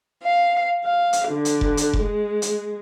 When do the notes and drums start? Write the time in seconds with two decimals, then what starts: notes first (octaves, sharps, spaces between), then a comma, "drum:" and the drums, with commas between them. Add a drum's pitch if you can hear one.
0.23 F5
0.84 F5
1.13 drum: hi-hat
1.29 D3
1.45 drum: hi-hat
1.61 drum: kick F1
1.77 drum: hi-hat
1.93 drum: kick F1
2.04 G#3
2.42 drum: hi-hat